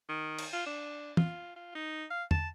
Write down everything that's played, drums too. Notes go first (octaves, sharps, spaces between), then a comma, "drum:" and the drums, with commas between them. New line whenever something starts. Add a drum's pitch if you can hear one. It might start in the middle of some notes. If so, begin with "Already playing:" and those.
D#3
drum: cymbal
F4
D4
F4, drum: tom
F4
D#4
F5
A5, drum: tom E2